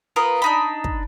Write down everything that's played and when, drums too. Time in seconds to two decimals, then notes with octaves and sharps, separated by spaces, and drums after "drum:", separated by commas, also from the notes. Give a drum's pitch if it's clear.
0.16 B3 F4 A#4 B4
0.42 D4 D#4 B5
0.84 drum: kick